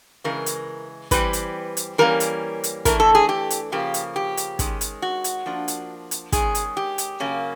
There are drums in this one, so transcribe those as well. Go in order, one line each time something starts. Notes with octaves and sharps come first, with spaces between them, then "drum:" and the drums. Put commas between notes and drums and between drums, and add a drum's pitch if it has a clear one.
C#3 E3 G#3 A#4
drum: hi-hat
E3 G3 C4 B4, drum: kick, hi-hat
drum: hi-hat
drum: hi-hat
E3 G3 A#3 C#4 A#4
drum: hi-hat
drum: hi-hat
E3 A3 D4 A#4, drum: kick, hi-hat
A4
G#4
G4
drum: hi-hat
C#3 F3 A#3 G4
drum: hi-hat
G4
drum: hi-hat
D#3 G#3 C#4, drum: kick, hi-hat
drum: hi-hat
F#4
drum: hi-hat
F3 A#3 D4
drum: hi-hat
drum: hi-hat
D#3 G#3 C#4 G#4, drum: kick, hi-hat
drum: hi-hat
G4
drum: hi-hat
C#3 F#3 A#3 C#4